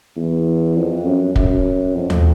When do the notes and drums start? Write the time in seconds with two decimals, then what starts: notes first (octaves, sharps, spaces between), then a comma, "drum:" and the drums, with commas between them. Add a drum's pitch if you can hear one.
0.16 E2
0.76 F2
1.06 F#2
1.36 F#2, drum: kick
1.95 F2
2.10 drum: tom D#2